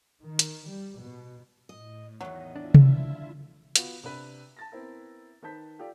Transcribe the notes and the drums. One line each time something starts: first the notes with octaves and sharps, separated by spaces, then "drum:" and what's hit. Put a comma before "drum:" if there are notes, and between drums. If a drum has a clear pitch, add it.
D#3
drum: hi-hat
G3
B2
A2 D#5
E2 D#3 F#3 D#5
D4 E4 F4 E5
drum: tom C3
B3 F4 F#4, drum: hi-hat
C3 D4 B4
A5 A6 A#6
B3 C4 E4 A#4
D#3 B4 C5 A5 G6 B6
F4 G4 A4 D5 F5